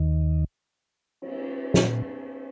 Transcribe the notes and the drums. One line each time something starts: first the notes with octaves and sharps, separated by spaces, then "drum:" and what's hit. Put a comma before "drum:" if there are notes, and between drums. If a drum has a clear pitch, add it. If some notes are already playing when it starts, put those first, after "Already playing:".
Already playing: D#2 D#3
drum: cymbal
A#2, drum: snare